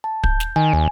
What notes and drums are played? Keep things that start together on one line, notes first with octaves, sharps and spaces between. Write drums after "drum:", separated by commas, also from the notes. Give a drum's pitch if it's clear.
A5
G6, drum: kick
drum: snare
D#3 G#5
D#2